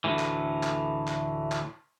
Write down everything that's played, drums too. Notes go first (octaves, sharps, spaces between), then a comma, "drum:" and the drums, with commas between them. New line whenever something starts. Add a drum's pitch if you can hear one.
D2 A2 E3
drum: clap
drum: clap
drum: clap
drum: clap